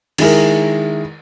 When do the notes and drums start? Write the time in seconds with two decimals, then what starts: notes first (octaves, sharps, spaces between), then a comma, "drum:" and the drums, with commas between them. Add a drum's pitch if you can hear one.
0.18 D#3 G#3 E4 A#4, drum: cymbal